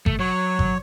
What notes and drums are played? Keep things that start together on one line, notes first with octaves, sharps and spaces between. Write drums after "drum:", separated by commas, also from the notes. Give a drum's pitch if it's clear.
A3, drum: kick G#1
F#3 C#5
drum: kick G#1